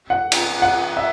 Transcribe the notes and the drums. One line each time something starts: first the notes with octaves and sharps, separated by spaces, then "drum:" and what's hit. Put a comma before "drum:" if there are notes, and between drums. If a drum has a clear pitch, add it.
F#5
drum: cymbal
F#5
E5